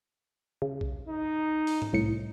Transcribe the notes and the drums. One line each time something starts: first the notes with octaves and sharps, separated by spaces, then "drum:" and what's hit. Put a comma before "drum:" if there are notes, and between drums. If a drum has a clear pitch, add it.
C#3
drum: kick B1
D#4
drum: open hi-hat
drum: tom G#2
C2 A2 C#7